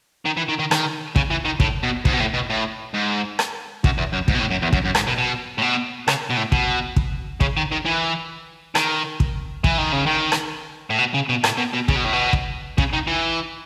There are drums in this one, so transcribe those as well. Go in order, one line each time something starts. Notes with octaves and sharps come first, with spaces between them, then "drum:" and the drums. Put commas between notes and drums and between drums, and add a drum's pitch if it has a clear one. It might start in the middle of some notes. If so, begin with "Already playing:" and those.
D#3
E3
D#3
D#3
D#3, drum: rim click
C#3, drum: kick
E3
D#3
A2, drum: kick
B2
G#2, drum: kick
B2
A2
B2
A2
G#2
drum: rim click
F#2, drum: kick
E2
F#2
G#2, drum: kick
B2
A2
F#2
E2
F#2, drum: kick
F#2
G#2, drum: rim click
B2
B2
A2
B2
C#3, drum: rim click
B2
A2
B2, drum: kick
drum: kick
C#3, drum: kick
D#3
D#3
E3
D#3, drum: rim click
drum: kick
E3, drum: kick
D#3
C#3
D#3
drum: rim click
A2
B2
C#3
B2
A2, drum: rim click
B2
B2
C#3, drum: kick
B2
A2
B2
drum: kick
C#3, drum: kick
D#3
E3